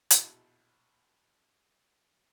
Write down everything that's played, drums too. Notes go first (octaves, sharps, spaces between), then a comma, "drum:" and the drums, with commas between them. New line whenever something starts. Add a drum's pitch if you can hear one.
A#1 B2 E4 F#4 A5 D#6, drum: hi-hat